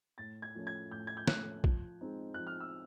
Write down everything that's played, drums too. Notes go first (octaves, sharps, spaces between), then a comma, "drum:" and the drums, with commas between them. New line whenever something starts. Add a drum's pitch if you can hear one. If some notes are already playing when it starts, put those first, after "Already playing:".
A2 A6
G#6
F3 A3 C#4
G#6
A2 G6
G#6
G6
F3 A3 C#4 F#6, drum: snare
F3, drum: kick
G#3 C4 D#4
F3 F#6
F6
E6